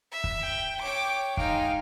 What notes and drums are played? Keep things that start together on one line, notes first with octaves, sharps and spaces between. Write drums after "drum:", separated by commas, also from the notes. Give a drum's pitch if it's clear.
E5
drum: kick
G5
C#5 G5 D6
G#3 D#4 F5 G5, drum: kick